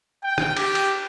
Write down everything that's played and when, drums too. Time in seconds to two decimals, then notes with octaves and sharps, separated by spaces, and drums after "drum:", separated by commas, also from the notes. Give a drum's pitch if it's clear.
0.23 G5
0.38 drum: rim click
0.57 G4, drum: cymbal
0.75 drum: cymbal